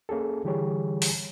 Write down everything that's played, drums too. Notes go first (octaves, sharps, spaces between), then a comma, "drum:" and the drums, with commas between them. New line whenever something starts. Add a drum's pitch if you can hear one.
A#3 C#4 G#4 A4
D3 E3 G3 G4 G#4 C#5
drum: open hi-hat